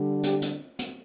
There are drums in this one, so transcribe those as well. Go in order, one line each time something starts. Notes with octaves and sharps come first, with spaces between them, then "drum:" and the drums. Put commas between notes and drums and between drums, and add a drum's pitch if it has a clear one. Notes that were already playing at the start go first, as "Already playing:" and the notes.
Already playing: D3 G3 D4
G4, drum: hi-hat
drum: hi-hat
drum: hi-hat